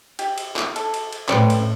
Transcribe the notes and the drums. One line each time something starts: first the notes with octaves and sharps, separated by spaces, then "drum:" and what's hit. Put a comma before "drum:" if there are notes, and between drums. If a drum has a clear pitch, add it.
G4, drum: cymbal
drum: cymbal
drum: clap
A4, drum: cymbal
drum: cymbal
drum: cymbal
A2 C#4 B4 C5 D5 G5, drum: clap
drum: cymbal